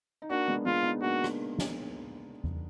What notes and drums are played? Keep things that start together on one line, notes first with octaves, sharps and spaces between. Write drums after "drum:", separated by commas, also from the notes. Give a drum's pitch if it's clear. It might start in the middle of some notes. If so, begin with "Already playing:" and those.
D#4
A#3 D4 F#4
G#3 B3
G#3 B3 F4
B3 D#4
A#3 D4 F#4
drum: rim click
drum: snare
drum: tom E2